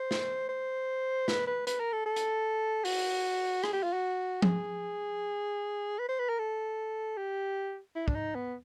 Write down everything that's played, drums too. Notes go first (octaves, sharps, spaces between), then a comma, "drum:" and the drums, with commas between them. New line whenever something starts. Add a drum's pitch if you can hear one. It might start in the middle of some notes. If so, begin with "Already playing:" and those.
Already playing: C5
drum: snare
C5
B4, drum: snare
B4
B4, drum: hi-hat
A#4
A4
A4
drum: hi-hat
F#4, drum: open hi-hat
G#4, drum: rim click
G4
F4
F#4
G#4, drum: tom F3
B4
C5
B4
A#4
A4
G4
E4
D4, drum: kick
D#4
B3